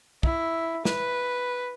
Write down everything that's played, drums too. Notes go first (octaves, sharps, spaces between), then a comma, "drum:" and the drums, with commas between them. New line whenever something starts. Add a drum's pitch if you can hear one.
E4, drum: kick
B4, drum: snare